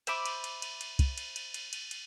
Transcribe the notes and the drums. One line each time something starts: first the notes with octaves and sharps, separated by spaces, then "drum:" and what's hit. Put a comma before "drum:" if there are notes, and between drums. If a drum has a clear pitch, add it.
C5 E5 B5 D6, drum: cymbal
drum: cymbal
drum: cymbal
drum: cymbal
drum: cymbal
drum: kick, cymbal
drum: cymbal
drum: cymbal
drum: cymbal
drum: cymbal
drum: cymbal